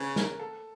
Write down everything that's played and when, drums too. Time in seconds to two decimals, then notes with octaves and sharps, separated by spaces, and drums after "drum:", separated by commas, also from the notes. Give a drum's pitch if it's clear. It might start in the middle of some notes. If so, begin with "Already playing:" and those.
Already playing: C#3 B4 C#5
0.16 A#4, drum: snare
0.40 A4